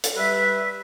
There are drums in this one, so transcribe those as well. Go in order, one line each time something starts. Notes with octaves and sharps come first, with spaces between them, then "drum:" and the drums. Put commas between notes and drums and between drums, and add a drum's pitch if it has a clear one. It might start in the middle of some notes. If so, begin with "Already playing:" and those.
drum: hi-hat
G3 B4 E5